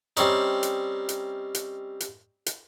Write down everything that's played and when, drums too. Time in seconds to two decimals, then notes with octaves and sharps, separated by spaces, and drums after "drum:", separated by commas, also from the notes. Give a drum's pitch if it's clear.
0.17 G3 C4 C#4 D#4, drum: hi-hat
0.63 drum: hi-hat
1.09 drum: hi-hat
1.55 drum: hi-hat
2.00 drum: hi-hat
2.46 drum: hi-hat